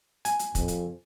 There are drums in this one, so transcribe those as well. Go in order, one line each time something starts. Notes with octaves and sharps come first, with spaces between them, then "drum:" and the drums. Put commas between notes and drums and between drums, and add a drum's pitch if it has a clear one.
G#5, drum: hi-hat
drum: hi-hat
F2, drum: kick, hi-hat
drum: hi-hat